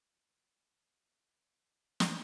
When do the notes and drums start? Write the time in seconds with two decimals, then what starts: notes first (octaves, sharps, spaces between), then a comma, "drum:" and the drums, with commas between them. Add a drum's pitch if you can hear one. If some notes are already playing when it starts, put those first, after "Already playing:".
Already playing: F4
0.10 D#4
0.44 F4
0.78 F4
1.12 D#4
2.00 drum: snare